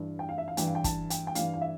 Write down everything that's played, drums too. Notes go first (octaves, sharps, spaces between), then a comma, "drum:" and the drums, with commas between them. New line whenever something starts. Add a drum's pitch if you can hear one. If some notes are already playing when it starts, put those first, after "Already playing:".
Already playing: G2 E3
G5
F5
E5
F5
G2 E3 G5, drum: hi-hat
F5
G5
A5, drum: kick, hi-hat
G5, drum: hi-hat
G5
G2 E3 F5, drum: hi-hat
F5
E5